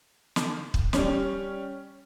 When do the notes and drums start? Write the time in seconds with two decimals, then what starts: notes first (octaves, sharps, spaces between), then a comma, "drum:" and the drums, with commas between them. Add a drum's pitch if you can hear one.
0.36 drum: snare
0.74 drum: kick
0.93 G3 C#4, drum: snare